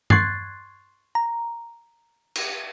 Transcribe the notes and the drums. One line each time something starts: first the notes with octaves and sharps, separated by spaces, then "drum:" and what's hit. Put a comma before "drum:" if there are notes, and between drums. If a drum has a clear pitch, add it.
C6 C#6 F#6 G#6 A6 C7, drum: tom G2
A#5
drum: cymbal